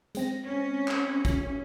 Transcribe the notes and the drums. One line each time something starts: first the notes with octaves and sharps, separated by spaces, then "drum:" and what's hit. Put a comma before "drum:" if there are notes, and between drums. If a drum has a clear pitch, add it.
G#3 C4 A#6, drum: hi-hat
C#4
drum: clap
drum: kick, hi-hat